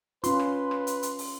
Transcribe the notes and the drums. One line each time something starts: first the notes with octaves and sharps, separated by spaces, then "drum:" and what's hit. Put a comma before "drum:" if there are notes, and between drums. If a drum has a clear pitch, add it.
C#4 F4 B4 C6, drum: hi-hat
drum: rim click
drum: rim click
drum: hi-hat
drum: hi-hat
drum: open hi-hat